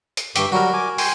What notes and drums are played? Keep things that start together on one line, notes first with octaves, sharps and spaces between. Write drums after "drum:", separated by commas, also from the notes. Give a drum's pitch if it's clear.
drum: hi-hat
G2 E5 G5 C#6 D6, drum: hi-hat
F#3 G3 F#4 A#4
G#5 D6
G5 G#5 C6, drum: open hi-hat